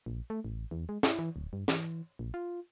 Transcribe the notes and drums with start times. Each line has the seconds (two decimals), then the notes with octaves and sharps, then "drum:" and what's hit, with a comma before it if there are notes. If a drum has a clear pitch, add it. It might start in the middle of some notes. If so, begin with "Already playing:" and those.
0.06 A#1
0.30 A3
0.45 A1
0.71 E2
0.89 G#3
1.03 E4, drum: snare
1.19 E3
1.36 D1
1.53 G2
1.68 E3, drum: snare
2.19 A#1
2.34 F4